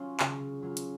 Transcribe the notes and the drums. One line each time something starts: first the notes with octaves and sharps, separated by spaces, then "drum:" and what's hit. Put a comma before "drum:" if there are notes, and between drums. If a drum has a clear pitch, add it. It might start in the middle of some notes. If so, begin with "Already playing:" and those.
Already playing: F#3 C#4 F4
C#3, drum: clap
F#3 C#4 F4
drum: hi-hat